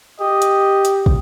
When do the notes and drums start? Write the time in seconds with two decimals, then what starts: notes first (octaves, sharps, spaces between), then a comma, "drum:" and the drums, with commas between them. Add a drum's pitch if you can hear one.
0.20 G4 D#5
0.42 drum: hi-hat
0.85 drum: hi-hat
1.06 drum: kick